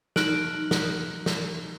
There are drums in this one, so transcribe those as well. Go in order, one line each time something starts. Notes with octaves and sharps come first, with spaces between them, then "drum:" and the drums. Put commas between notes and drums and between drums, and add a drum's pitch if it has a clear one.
D#4 F6 F#6 D7 F#7, drum: snare
drum: snare
drum: snare